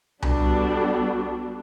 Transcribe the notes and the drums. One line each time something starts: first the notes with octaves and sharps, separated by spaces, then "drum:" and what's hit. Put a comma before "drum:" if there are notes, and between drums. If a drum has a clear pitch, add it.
G3 B3 D4 F#4 A4, drum: tom C2